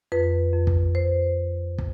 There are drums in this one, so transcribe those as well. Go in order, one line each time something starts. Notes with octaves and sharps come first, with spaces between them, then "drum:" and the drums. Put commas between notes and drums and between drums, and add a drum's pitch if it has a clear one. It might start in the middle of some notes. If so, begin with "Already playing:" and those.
F2 B4
F2
drum: kick
C5
drum: kick